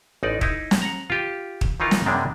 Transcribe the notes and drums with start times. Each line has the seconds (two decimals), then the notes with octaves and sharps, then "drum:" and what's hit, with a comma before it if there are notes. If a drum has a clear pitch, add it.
0.23 A1 D#4 D5
0.41 D#4 E4, drum: kick
0.71 drum: snare
0.82 F#5 A#5
1.10 F4 G4
1.61 drum: kick
1.80 D#3 E3 D#4 F4 A#4
1.91 drum: snare
2.06 F#2 C3 G3 G#3 B3 D4